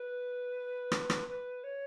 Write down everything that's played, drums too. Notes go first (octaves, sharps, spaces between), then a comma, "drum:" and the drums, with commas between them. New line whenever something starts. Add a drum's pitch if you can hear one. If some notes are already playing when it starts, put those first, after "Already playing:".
Already playing: B4
drum: rim click
drum: rim click
B4
C#5